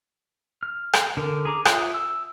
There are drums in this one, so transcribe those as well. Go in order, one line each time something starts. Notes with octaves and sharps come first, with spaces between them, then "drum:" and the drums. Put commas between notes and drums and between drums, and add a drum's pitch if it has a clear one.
F6
drum: rim click
D3 A#4
G#4 A#5 D6
F4 C#5 E5 D#6 F#6, drum: rim click
E6